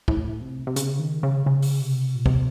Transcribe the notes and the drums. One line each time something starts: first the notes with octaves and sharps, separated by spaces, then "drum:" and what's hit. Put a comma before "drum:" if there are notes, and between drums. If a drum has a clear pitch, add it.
A2, drum: kick
C3
C3
C#3, drum: hi-hat
D#3
C#3
C#3
drum: open hi-hat
C3
A#2
C3, drum: kick